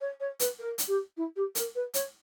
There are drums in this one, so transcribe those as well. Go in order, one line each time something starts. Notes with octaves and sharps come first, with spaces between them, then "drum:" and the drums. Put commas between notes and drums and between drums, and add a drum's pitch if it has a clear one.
C#5
C#5
B4, drum: hi-hat
A#4
drum: hi-hat
G4
E4
G4
A#4, drum: hi-hat
B4
C#5, drum: hi-hat